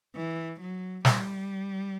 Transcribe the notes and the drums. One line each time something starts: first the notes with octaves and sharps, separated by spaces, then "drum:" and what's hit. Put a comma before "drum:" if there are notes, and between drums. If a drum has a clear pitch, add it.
E3
F#3
G3, drum: snare